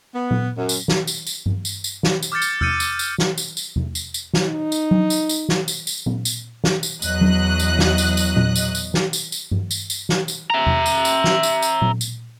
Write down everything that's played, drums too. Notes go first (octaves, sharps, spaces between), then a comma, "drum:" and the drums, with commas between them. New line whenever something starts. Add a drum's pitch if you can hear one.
B3
drum: tom A#2
F#2
drum: tambourine
drum: snare
drum: tambourine
drum: tambourine
drum: tom G2
drum: tambourine
drum: tambourine
drum: snare
drum: tambourine
D6 F6 G6 A6 C#7
drum: tambourine
E6 F6 G6 A6 C#7 D#7, drum: tom E2
drum: tambourine
drum: tambourine
drum: snare
drum: tambourine
drum: tambourine
drum: tom E2
drum: tambourine
drum: tambourine
drum: snare
D#4
drum: tambourine
drum: tom F#3
drum: tambourine
drum: tambourine
drum: snare
drum: tambourine
drum: tambourine
drum: tom A#2
drum: tambourine
drum: snare
drum: tambourine
E2 F#3 D#5 F#6, drum: tambourine
drum: tom F#3
drum: tambourine
drum: snare
drum: tambourine
drum: tambourine
drum: tom A#2
drum: tambourine
drum: tambourine
drum: snare
drum: tambourine
drum: tambourine
drum: tom G2
drum: tambourine
drum: tambourine
drum: snare
drum: tambourine
E5 A#5
drum: tom E2
drum: tambourine
drum: tambourine
drum: snare
drum: tambourine
drum: tambourine
drum: tom A#2
drum: tambourine